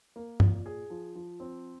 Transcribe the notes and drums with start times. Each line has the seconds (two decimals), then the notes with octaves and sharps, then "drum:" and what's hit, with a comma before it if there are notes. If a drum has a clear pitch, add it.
0.16 A#3
0.40 A#2, drum: tom
0.66 G#4
0.90 F3
1.15 F3
1.40 C4